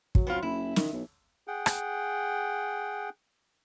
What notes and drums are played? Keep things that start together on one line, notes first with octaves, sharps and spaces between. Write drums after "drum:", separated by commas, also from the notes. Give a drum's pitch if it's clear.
F#3, drum: kick
B3 C4 F4
F#1 E4
D#3, drum: snare
B1
G#4 F#5 G5
drum: rim click